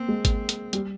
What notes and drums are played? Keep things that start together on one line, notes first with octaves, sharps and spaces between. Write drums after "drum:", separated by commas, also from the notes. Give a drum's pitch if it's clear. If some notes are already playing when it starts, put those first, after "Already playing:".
Already playing: A#3 C4
G#3
drum: kick G#1, hi-hat
drum: hi-hat
G3, drum: hi-hat